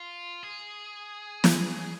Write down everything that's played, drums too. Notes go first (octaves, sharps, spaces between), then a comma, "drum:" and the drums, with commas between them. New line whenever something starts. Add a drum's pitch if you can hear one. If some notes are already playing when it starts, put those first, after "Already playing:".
Already playing: F4
G#4
drum: snare